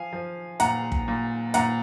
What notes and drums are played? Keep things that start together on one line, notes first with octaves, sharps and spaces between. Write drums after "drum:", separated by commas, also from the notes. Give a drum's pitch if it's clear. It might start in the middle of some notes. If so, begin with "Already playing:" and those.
Already playing: F3 F5 G#5
F3
A#2 F#5 A#5, drum: hi-hat
drum: kick
A#2
A#2 F#5 A#5, drum: hi-hat